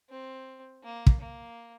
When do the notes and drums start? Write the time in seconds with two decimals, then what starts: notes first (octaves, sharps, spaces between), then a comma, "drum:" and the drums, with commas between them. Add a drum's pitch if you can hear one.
0.10 C4
0.84 A#3
1.07 drum: kick
1.20 A#3